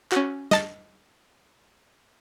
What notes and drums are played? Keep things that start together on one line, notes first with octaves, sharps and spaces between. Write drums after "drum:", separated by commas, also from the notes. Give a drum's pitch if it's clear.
C#4 F#4, drum: clap
D#5 A5 A6, drum: snare